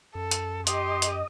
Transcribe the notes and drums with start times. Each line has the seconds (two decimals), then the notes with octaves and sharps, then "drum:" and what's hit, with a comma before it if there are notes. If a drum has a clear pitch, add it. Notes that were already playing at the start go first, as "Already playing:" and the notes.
0.15 F#2 A4
0.31 drum: hi-hat
0.67 G4 D#5 C6, drum: hi-hat
1.02 drum: hi-hat